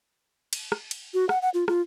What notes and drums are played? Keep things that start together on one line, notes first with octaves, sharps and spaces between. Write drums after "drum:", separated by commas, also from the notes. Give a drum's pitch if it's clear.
drum: cymbal
drum: rim click
drum: cymbal
F#4
F#5, drum: rim click
F#5
F4
F4, drum: rim click